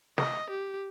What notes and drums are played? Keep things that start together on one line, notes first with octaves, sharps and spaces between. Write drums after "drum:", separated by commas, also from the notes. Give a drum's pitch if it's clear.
D#5, drum: snare
G4